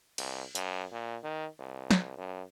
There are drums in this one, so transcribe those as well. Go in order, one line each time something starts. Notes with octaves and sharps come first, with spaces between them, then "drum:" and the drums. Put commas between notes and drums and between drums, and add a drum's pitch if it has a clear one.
C2, drum: cymbal
F#2, drum: hi-hat
A#2
D#3
C2
drum: snare
F#2